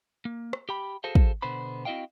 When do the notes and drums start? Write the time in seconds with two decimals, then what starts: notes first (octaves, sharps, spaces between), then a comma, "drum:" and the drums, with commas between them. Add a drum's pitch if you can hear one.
0.25 A#3
0.53 drum: rim click
0.69 G4 G5 B5
1.04 F#4 G#4 A4 C5 F5
1.15 drum: kick
1.42 B2 D3 B3 C5 B5
1.85 C4 E4 F#4 D#5 F5 G5